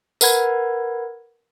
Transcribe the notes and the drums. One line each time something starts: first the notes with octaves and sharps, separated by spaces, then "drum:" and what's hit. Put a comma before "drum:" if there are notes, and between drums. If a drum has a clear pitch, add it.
A#4 B4 F#5 B5 G#6, drum: tambourine